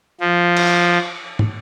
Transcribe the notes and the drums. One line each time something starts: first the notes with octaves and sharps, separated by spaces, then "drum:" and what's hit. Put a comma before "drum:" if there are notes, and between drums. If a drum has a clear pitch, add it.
F3
drum: cymbal
drum: tom